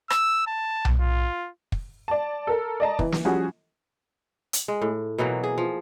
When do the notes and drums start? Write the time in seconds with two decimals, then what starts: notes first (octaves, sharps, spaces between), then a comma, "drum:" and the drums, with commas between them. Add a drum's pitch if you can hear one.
0.10 E6, drum: rim click
0.47 A5
0.85 drum: tom B1
1.01 F4
1.72 drum: kick
2.08 D5 A5
2.47 A4 A#4
2.80 D5 D#5 A5 A#5
2.99 E3, drum: kick
3.12 drum: snare
3.25 F3 G3 C#4 F#4 G#4
4.53 drum: hi-hat
4.68 G#3
4.82 A2
5.18 B2 E3 F#3 A#3
5.44 G#4
5.58 F3